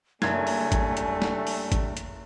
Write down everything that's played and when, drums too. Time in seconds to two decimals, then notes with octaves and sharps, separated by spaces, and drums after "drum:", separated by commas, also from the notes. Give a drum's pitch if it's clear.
0.22 F#1 G3 A3 D4 G#5 G#6, drum: snare
0.47 drum: open hi-hat
0.72 drum: kick G#1, hi-hat
0.97 drum: hi-hat
1.22 drum: snare
1.47 drum: open hi-hat
1.72 drum: kick G#1, hi-hat
1.97 drum: hi-hat